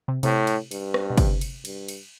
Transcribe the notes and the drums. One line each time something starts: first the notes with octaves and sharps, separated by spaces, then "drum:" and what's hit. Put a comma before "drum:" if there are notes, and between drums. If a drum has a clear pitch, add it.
C3
A2 C3, drum: cymbal
drum: cymbal
G2, drum: cymbal
drum: rim click
B2
C3, drum: kick, cymbal
drum: cymbal
G2, drum: cymbal
drum: cymbal